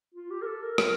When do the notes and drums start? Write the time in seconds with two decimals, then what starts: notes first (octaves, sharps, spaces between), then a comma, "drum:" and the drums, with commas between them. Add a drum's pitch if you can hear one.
0.15 F4
0.30 G4
0.42 A#4
0.46 A4
0.63 A#4
0.78 A#4, drum: rim click